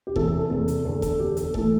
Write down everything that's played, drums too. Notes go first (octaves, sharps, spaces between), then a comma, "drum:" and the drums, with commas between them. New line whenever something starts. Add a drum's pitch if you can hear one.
G4
E2 C3 E3 A4, drum: kick F1
A4
A4
E2 C3 E3 A4
drum: hi-hat
E2 D3 A4
A4, drum: kick F1, hi-hat
E2 D3 G4
A4, drum: hi-hat
A2 E3 A4, drum: kick F1